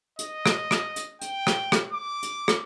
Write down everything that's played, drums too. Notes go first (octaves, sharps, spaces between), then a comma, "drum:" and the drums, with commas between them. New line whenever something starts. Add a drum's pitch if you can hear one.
D#5, drum: hi-hat
drum: rim click
drum: rim click
drum: hi-hat
G5, drum: hi-hat
drum: rim click
drum: rim click
D6
drum: hi-hat
drum: rim click